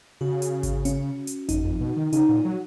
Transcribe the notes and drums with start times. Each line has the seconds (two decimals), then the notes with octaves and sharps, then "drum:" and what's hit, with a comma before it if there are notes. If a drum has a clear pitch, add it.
0.21 C#3 F#4
0.42 drum: hi-hat
0.63 drum: kick G#1, hi-hat
0.85 C#4, drum: hi-hat
1.27 drum: hi-hat
1.49 F#2 D#4, drum: kick G#1, hi-hat
1.64 F2
1.80 B2
1.97 D#3
2.13 C#3 D#4, drum: hi-hat
2.29 A#2
2.45 F#3